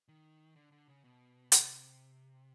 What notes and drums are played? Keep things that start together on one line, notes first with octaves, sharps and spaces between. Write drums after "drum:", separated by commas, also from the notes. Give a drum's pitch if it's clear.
D#3
D3
D3
C#3
B2
C3, drum: hi-hat